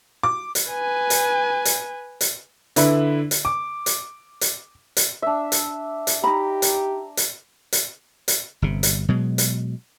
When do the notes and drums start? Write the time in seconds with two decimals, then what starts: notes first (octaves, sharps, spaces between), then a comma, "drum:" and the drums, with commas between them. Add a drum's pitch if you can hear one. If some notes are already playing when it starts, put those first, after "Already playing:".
0.23 D6
0.55 drum: hi-hat
0.70 B4 G#5
1.10 drum: hi-hat
1.65 drum: hi-hat
2.21 drum: hi-hat
2.76 D3 E4 B4, drum: hi-hat
3.31 drum: hi-hat
3.45 D6
3.86 drum: hi-hat
4.41 drum: hi-hat
4.97 drum: hi-hat
5.22 D4 E5
5.52 drum: hi-hat
6.07 drum: hi-hat
6.24 D#4 G4 A#5 B5
6.62 drum: hi-hat
7.17 drum: hi-hat
7.73 drum: hi-hat
8.28 drum: hi-hat
8.62 G1 C3
8.83 drum: hi-hat
9.09 B2 F#3 G#3
9.38 drum: hi-hat